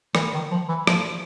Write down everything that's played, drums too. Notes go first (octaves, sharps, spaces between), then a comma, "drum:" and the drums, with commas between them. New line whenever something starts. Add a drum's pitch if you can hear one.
E3, drum: rim click
D#3
F3
E3
F3, drum: rim click